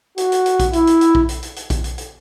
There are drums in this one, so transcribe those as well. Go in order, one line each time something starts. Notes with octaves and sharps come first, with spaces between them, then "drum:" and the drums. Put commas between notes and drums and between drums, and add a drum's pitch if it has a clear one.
F#4, drum: hi-hat
drum: hi-hat
drum: hi-hat
drum: kick A#1, hi-hat
E4, drum: hi-hat
drum: hi-hat
drum: hi-hat
drum: kick A#1
drum: hi-hat
drum: hi-hat
drum: hi-hat
drum: kick A#1, hi-hat
drum: hi-hat
drum: hi-hat